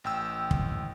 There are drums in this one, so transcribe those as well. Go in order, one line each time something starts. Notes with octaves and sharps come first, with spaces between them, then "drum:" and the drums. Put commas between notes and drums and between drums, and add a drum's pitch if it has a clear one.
A1 G5 E6
drum: kick